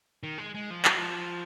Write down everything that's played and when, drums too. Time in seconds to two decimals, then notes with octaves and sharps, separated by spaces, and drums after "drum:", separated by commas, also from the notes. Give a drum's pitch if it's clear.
0.23 D#3
0.38 G#3
0.55 G#3
0.70 F3
0.85 F#3, drum: clap
0.98 F3